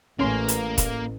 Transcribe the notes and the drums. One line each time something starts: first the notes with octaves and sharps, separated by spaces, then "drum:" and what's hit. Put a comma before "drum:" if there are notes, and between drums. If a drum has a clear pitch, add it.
A1 A#3 C#4 A#4 C6
drum: hi-hat
drum: kick E1, hi-hat